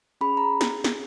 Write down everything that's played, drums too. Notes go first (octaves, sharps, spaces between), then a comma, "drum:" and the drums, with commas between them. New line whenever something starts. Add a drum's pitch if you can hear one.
C#4 G#4 B5
A#5
drum: snare
drum: snare